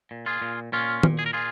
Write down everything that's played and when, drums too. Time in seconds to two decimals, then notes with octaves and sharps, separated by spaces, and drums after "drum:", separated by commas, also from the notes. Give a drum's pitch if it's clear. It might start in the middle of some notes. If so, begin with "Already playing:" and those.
0.11 A#2
0.26 F4 G#4
0.42 A#2
0.72 A#2 C#4 F4
1.03 A#2, drum: tom D#3
1.19 G#4
1.26 A#4
1.33 A#2 F4 G#4